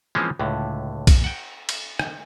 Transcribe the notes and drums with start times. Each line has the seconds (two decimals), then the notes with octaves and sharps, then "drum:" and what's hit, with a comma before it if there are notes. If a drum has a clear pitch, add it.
0.15 E3 F3 G#3 A#3 C4 C#4
0.39 C#2 A2 D3
1.07 drum: kick B1, cymbal
1.24 F#5 G5
1.69 drum: cymbal
1.99 drum: rim click